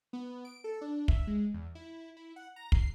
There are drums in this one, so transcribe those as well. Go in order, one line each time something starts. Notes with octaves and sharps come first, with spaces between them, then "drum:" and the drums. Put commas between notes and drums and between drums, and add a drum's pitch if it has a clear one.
B3
D7
A4
D4
E5, drum: kick
G#3
E2
E4
E4
F#5
A#5
C7, drum: kick